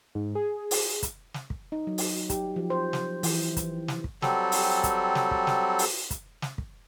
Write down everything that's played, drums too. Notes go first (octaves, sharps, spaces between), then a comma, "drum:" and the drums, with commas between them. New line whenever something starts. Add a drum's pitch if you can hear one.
G#2
G#4
drum: open hi-hat
drum: kick, hi-hat
drum: snare
drum: kick
D#4
F#3
drum: open hi-hat
G4, drum: kick, hi-hat
F3
C5
drum: snare
E3, drum: open hi-hat
drum: kick, hi-hat
drum: snare
drum: kick
F#3 G3 C4 A4, drum: snare
drum: open hi-hat
drum: kick, hi-hat
drum: snare
drum: kick
drum: snare
drum: open hi-hat
drum: kick, hi-hat
drum: snare
drum: kick